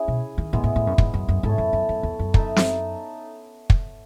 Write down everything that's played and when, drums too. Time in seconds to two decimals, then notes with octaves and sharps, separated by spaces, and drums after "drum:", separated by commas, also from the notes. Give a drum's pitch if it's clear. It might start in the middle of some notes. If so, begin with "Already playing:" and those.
Already playing: C#4 E4 G#4
0.08 B2
0.38 D#3
0.53 A2 G#3 B3 E4
0.64 A2
0.76 A2
0.87 F#2
0.98 G#2, drum: kick
1.14 F#2
1.28 F#2
1.43 G#2 E4 A4 C#5
1.58 F#2
1.73 F#2
1.89 F#2
2.03 E2
2.19 F#2
2.34 D#4 A4 E5, drum: kick
2.56 drum: snare
3.70 drum: kick